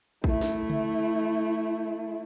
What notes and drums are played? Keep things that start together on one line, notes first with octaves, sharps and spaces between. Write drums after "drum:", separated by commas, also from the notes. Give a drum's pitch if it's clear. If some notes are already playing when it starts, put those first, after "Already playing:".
A3 E4, drum: kick
drum: snare
drum: tom C#3